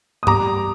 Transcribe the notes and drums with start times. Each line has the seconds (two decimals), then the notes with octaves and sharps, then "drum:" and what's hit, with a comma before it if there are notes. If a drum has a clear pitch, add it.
0.23 D#6
0.27 G3 A#5 D6, drum: tom G2